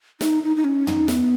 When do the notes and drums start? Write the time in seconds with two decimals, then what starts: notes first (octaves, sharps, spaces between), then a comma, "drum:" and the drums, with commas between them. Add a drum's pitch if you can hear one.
0.21 D#4, drum: snare
0.43 D#4
0.57 D#4
0.64 C#4
0.87 D#4, drum: tom
1.08 B3, drum: snare